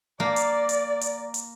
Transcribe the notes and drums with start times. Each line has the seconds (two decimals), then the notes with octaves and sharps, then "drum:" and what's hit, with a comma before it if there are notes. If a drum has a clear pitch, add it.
0.20 A#3 D5
0.36 drum: hi-hat
0.69 drum: hi-hat
1.01 drum: hi-hat
1.34 drum: hi-hat